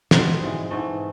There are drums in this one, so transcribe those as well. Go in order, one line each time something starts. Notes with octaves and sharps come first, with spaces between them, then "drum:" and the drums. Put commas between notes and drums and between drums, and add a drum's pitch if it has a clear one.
B2 G3 C4, drum: snare
G#2 E3 G#3
G#2 E3 A3